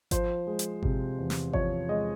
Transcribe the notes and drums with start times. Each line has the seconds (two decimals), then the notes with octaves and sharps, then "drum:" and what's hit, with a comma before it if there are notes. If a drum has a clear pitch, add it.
0.11 F3 C5, drum: kick G#1, hi-hat
0.47 G#3
0.59 drum: hi-hat
0.83 C3, drum: kick G#1
1.19 E2
1.30 drum: snare
1.53 F3 C#5, drum: kick G#1
1.89 G#3 D#5